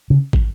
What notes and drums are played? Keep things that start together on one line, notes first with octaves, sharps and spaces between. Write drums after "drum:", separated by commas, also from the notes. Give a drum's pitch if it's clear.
C#3
drum: kick